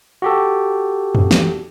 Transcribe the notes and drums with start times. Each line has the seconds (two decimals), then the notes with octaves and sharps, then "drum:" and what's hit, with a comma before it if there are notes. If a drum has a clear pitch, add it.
0.22 F#4 G4 A4
1.15 drum: tom
1.31 drum: snare